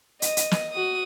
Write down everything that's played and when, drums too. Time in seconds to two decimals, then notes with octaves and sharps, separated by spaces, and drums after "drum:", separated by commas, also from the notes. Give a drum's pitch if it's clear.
0.22 D#5, drum: hi-hat
0.37 drum: hi-hat
0.51 drum: snare
0.73 F#4 D#6